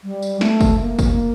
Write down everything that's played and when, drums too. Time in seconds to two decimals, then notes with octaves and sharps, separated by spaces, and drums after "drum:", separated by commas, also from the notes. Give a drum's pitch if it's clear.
0.04 G3
0.22 drum: tambourine
0.41 A3, drum: snare
0.61 drum: kick, tambourine
0.80 A#3
0.99 drum: kick, tambourine